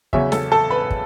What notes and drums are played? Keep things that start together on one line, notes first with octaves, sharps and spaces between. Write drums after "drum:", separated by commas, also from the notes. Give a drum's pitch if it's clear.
E2 C#3 F#3 C#4 E5, drum: kick
A4 A5, drum: snare
A4 A5
B4 B5
drum: kick